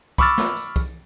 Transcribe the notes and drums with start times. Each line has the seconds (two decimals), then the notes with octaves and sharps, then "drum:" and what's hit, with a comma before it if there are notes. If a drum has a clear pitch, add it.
0.18 B5 C#6 D6 E6 F6 A6, drum: kick, tambourine
0.38 drum: snare
0.57 drum: tambourine
0.76 drum: kick, tambourine